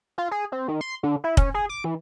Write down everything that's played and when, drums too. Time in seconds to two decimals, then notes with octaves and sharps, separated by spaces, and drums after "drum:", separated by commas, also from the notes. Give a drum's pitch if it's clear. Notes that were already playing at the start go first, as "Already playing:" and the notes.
0.18 F4
0.31 G#4
0.52 C4
0.68 D#3
0.81 C6
1.03 D3
1.24 E4
1.37 C#4, drum: kick
1.54 G#4
1.69 D6
1.84 E3